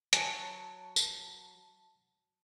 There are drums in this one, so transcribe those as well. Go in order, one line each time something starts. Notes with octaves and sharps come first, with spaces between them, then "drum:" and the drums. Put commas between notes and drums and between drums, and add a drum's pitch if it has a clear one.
F#3 C#5 G#5 A5, drum: hi-hat
drum: tambourine